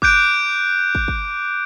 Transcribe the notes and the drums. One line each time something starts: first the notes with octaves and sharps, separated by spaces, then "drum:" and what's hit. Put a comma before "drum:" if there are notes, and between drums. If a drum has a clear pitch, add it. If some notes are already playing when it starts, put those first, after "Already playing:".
D6 F#6 G6 D7, drum: kick
drum: kick
drum: kick